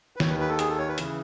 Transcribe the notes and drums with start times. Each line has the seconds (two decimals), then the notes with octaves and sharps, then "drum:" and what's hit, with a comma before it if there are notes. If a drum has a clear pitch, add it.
0.16 B4
0.20 D#2 D#3 C#5, drum: snare
0.30 B4
0.40 B4
0.49 A4
0.59 G#4, drum: hi-hat
0.69 A4
0.78 C#5
0.88 B4
0.98 C#3 E3, drum: hi-hat